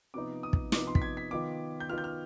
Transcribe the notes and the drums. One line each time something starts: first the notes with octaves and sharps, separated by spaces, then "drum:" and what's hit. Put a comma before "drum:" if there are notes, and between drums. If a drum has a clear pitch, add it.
C3 F3 B3 D#4 D6
D#6
drum: kick
C3 F3 B3 D#4 D6, drum: snare
C6
B6, drum: kick
G#6
B6
D#3 B3 F4 D6
G6
D#3 B3 F4 F6
G6
F6